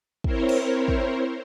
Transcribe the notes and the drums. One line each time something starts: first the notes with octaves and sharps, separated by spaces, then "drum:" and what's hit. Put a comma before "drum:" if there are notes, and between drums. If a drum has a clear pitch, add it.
C4 E4 A#4 C5 C#5, drum: kick
drum: cymbal
drum: kick